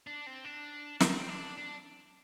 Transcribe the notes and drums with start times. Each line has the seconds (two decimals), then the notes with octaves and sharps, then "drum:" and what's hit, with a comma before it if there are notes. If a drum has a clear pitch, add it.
0.07 D4
0.27 C4
0.45 D4
1.00 C4, drum: snare
1.29 D4
1.58 D4